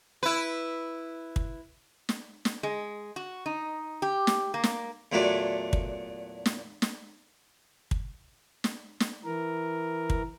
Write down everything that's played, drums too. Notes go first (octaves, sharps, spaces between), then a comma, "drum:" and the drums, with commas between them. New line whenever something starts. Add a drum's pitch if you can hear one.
E4 B4
drum: kick
drum: snare
drum: snare
G#3
F#4
D#4
G4
drum: snare
A#3
drum: snare
E2 A#2 F#3 A3 D4
drum: kick
drum: snare
drum: snare
drum: kick
drum: snare
drum: snare
E3 A#4
drum: kick